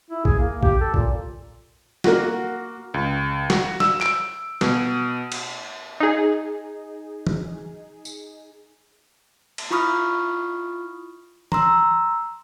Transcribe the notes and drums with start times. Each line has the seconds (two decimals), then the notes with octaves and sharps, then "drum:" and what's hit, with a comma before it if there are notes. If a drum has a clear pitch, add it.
0.11 E4
0.25 G#4, drum: kick A#1
0.39 A#3
0.63 G4, drum: kick A#1
0.81 A4
0.94 A#2, drum: kick A#1
2.04 A#3 F#4, drum: snare
2.94 C#2
3.50 F#4, drum: snare
3.80 E6, drum: snare
4.01 D7, drum: clap
4.61 B2, drum: snare
5.32 drum: cymbal
6.00 D#4 G#4
7.27 drum: tom
8.05 drum: tambourine
9.58 drum: cymbal
9.71 E4 F4 B5 C#6 D#6 F6
11.52 A#5 C6 E6, drum: tom